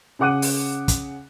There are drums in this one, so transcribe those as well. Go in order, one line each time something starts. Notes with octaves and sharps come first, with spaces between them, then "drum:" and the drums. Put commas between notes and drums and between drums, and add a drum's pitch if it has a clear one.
C#3 G#4 F#5 D6 F#6 D#7
drum: open hi-hat
drum: kick, hi-hat